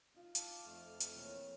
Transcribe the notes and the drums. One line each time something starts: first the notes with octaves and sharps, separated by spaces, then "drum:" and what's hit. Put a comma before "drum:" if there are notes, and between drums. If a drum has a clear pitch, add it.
D#4 F4
F5 A5 D6, drum: hi-hat
F2 A3 F6
drum: hi-hat
E3 A#3 C#5